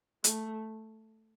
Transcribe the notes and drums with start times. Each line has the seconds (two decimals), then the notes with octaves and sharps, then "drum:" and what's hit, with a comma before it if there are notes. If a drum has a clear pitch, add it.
0.24 A3, drum: hi-hat